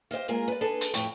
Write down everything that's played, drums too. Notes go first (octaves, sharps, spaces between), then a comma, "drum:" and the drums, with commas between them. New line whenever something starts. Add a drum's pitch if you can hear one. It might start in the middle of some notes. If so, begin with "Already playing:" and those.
G4 C5 D#5 F5
G#3 A#3 F4 G#4 A#4
B4 D5
D4 G#4 A4 B4
drum: hi-hat
F2 A2 G4 C#5, drum: hi-hat